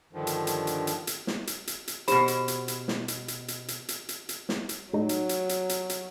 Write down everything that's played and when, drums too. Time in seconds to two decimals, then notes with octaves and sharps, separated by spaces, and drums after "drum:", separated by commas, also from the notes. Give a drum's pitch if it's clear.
0.13 G2 D3 D#3 F3
0.27 drum: hi-hat
0.47 drum: hi-hat
0.67 drum: hi-hat
0.87 drum: hi-hat
1.07 drum: hi-hat
1.27 drum: snare
1.47 drum: hi-hat
1.67 drum: hi-hat
1.88 drum: hi-hat
2.08 B2 G4 C5 B5, drum: hi-hat
2.28 drum: hi-hat
2.48 drum: hi-hat
2.68 drum: hi-hat
2.88 drum: snare
3.08 drum: hi-hat
3.28 drum: hi-hat
3.48 drum: hi-hat
3.68 drum: hi-hat
3.89 drum: hi-hat
4.09 drum: hi-hat
4.29 drum: hi-hat
4.49 drum: snare
4.69 drum: hi-hat
4.93 A2 F#3 D#4
5.09 drum: hi-hat
5.29 drum: hi-hat
5.49 drum: hi-hat
5.69 drum: hi-hat
5.89 drum: hi-hat